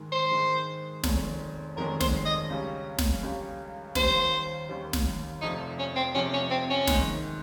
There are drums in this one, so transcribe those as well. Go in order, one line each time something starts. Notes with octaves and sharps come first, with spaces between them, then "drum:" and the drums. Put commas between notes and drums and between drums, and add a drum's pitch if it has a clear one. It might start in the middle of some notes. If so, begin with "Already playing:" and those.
Already playing: G#2 D#3 G#3
C5
G#2 D#3 G#3
F1 F2 D#3 G#3 C#4, drum: snare
F1 F2 D#3 G#3 C#4 A#4
C5, drum: snare
D#5
C#2 C#3 G3 C#4
drum: snare
C#2 C#3 G3 C#4
D#2 D#3 G3 C#4 C5, drum: snare
D#2 D#3 G3 C#4
drum: snare
F1 F2 C3 F3 D#4
C#4
C4
F1 F2 C3 F3 C#4
C#4
C4
C#4
G#2 D#3 G#3 D#4, drum: snare